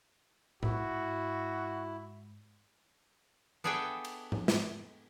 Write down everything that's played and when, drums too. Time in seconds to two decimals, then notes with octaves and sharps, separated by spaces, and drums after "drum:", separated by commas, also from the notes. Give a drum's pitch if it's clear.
0.63 G#2 E4 F#4, drum: tom A2
3.64 B3 D4 G#4 A4 E5 G5
4.05 drum: cymbal
4.32 drum: tom G#2
4.48 drum: snare